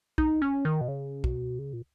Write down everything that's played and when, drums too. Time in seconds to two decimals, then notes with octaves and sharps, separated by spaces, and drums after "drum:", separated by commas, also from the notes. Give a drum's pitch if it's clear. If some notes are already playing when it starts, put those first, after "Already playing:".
0.18 D#4, drum: kick
0.42 C#4
0.65 D#3
0.81 B2
0.88 C#3
1.24 B2, drum: kick
1.59 C#3
1.73 A#2